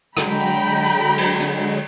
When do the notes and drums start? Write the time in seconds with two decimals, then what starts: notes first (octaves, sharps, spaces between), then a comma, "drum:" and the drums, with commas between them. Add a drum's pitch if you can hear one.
0.17 D3 F#3 G#3 G5 A#5 B5, drum: rim click
0.84 drum: open hi-hat
1.18 drum: cymbal
1.40 drum: hi-hat